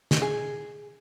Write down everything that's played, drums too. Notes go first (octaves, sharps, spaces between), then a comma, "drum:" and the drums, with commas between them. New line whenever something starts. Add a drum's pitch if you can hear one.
drum: snare
G#4